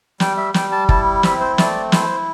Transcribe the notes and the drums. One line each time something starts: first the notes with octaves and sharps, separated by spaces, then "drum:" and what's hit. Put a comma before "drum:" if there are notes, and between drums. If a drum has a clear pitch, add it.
G3 G5, drum: snare
E5
G3 G5, drum: snare
A5
E4 A5, drum: kick
C4 E5, drum: snare
C5
A3 D5, drum: snare
E4 C5, drum: snare